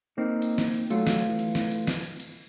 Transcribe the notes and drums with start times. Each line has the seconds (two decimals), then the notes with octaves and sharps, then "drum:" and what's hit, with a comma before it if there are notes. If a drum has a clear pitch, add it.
0.18 A#3 C4 D#4
0.42 drum: cymbal
0.58 drum: snare
0.74 drum: cymbal
0.90 F#3 A3 F4, drum: cymbal
1.07 drum: snare
1.26 E3
1.39 drum: cymbal
1.55 drum: snare
1.71 drum: cymbal
1.87 drum: snare
2.04 drum: cymbal
2.20 drum: cymbal